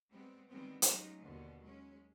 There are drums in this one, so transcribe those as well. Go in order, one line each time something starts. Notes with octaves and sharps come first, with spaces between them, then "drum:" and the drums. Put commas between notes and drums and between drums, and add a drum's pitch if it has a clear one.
G3 G#3 B3 C4
D#3 E3 G3 G#3 B3 C4
F#3 G#3 C#4 D#4 F4 G4, drum: hi-hat
D#2 B2 D3
F#3 G#3 C#4